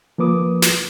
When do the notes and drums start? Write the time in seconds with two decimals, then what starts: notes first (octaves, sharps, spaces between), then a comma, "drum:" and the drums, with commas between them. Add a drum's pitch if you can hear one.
0.18 F3 A#3 B4 D6 D#6
0.62 drum: snare